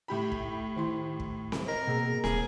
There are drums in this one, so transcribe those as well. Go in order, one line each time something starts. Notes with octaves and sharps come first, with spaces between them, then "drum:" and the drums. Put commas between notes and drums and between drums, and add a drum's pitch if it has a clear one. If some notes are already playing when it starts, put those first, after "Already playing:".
A2 G4 B5
drum: kick
D#3 E4 C6
drum: kick
drum: snare C4
A#4 D#5
B2 A#3 G#4 A#5
D#1 G#4, drum: snare C4